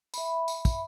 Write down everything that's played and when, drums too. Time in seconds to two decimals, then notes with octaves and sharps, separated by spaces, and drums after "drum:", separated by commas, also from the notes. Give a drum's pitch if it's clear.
0.14 E5 B5, drum: tambourine
0.48 drum: tambourine
0.65 drum: kick, tambourine